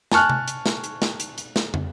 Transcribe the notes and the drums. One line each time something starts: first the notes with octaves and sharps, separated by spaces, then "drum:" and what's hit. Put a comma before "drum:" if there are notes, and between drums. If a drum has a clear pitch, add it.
G#5 A5 C#6 F6 F#6, drum: snare
drum: tom C3
drum: hi-hat
drum: snare
drum: hi-hat
drum: snare
drum: hi-hat
drum: hi-hat
drum: snare
drum: tom